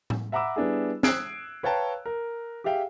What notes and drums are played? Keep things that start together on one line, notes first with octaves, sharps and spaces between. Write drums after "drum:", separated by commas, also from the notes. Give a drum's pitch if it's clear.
drum: tom A2
E5 F#5 A#5 B5 D6 E6
G3 B3 D4 E4 G#4
D#6 E6 F#6 G#6 C7 D7, drum: snare
B4 C#5 F5 G5 A5 A#5
A#4
G4 G#4 E5 F5 G5